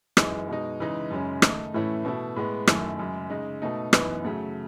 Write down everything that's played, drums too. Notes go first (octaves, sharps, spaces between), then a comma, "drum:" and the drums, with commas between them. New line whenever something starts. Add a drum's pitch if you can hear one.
F#2 E3 G#3 D#4, drum: rim click
B2 G#3 D#4
C#3 E3 G#3 D#4
F#2 C#3 G#3 C#4
D#3 A3 D#4, drum: rim click
A2 E3 A3 C#4 E4
B2 A3 E4
A2 G#3 B3
F#2 D#3 A3 E4, drum: rim click
F#2 C#3 G#3
C#3 G#3 D#4
B2 A3 D#4
F#2 E3 B3 D#4, drum: rim click
C#3 F#3 A3